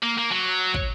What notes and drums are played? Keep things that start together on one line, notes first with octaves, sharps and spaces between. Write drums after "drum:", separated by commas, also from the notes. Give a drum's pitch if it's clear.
A#3
A#3
F#3
drum: kick